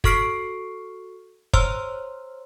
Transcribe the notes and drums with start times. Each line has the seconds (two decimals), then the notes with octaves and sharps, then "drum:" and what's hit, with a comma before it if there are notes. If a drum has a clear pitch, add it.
0.04 F#4 A4 C#6 F6 C7 D7, drum: kick
1.53 C5 C#5 A#5 C6 E6 F6, drum: kick